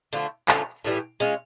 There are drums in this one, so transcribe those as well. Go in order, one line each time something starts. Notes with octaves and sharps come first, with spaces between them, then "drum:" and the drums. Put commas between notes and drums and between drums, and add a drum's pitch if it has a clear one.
D3 F3 A3, drum: hi-hat
D3 F3 A3 C#4, drum: clap
A2 E3 G3
G#3 C#4 F4, drum: hi-hat